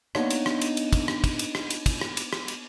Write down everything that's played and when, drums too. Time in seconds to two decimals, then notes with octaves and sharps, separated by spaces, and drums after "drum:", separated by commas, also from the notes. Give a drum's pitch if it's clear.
0.15 A#3 B3 D4 D#4 C#5 D#5, drum: rim click
0.30 drum: cymbal
0.46 drum: rim click
0.61 drum: cymbal
0.77 drum: cymbal
0.93 drum: kick, cymbal
1.08 drum: rim click
1.24 drum: kick, cymbal
1.39 drum: cymbal
1.55 drum: rim click
1.70 drum: cymbal
1.86 drum: kick, cymbal
2.01 drum: rim click
2.17 drum: cymbal
2.33 drum: rim click
2.48 drum: cymbal